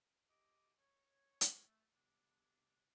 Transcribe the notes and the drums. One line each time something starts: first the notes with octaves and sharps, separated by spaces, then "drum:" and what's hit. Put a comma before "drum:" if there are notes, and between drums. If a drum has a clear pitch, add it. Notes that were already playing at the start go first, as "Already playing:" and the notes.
G4 D#5 D6
C#5
drum: hi-hat
A3
C3 G3 B3 D4